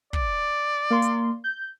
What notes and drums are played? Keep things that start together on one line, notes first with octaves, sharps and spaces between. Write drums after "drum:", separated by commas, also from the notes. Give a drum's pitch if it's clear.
D5, drum: kick
A#3 C6
drum: hi-hat
G6